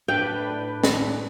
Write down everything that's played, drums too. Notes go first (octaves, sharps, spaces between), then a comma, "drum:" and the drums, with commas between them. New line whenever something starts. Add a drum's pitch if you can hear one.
A2 D4 B4 G5
drum: snare